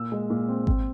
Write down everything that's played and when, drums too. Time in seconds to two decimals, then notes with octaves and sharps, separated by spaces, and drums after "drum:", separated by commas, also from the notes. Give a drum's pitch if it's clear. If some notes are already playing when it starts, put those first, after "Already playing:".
Already playing: A#2 E6
0.12 G#3
0.30 A#2
0.48 C4
0.67 C4, drum: kick G#1